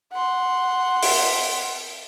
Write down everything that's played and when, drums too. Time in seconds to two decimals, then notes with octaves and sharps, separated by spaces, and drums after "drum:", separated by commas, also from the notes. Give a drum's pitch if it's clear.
0.13 F#5 C6
1.03 drum: open hi-hat